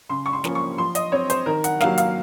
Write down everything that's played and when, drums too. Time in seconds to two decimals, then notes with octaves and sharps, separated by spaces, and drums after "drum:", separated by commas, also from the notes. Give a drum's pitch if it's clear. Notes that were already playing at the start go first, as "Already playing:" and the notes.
0.09 C#3 C6
0.26 C#6
0.33 C6
0.44 F3 A#3 C#4, drum: snare
0.55 C#6
0.78 F3 C6
0.95 D#5, drum: hi-hat
1.12 C4 C#5
1.30 C5, drum: hi-hat
1.46 D#3 A#4
1.64 F#5, drum: hi-hat
1.80 F#3 A#3 F5, drum: snare
1.98 F5, drum: hi-hat